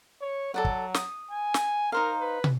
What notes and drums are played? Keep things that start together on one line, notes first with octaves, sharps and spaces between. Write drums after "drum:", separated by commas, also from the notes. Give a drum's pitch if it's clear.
C#5
F#3 A4 D5 F#5
drum: kick
D#6, drum: snare
G#5
drum: snare
D#4 A#4 C5 F5
B4
drum: tom